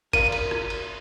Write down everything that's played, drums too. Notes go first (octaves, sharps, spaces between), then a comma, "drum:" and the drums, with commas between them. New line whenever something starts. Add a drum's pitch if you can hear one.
A#4 D5 F5 D#7, drum: kick G1, cymbal
drum: cymbal
drum: rim click
drum: cymbal